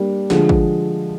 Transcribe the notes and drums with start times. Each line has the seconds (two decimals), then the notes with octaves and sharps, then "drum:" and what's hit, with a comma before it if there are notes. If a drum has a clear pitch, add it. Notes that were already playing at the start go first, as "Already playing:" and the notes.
Already playing: G3 A#3 D4 G4
0.30 D3 F3 G#3, drum: snare
0.49 drum: kick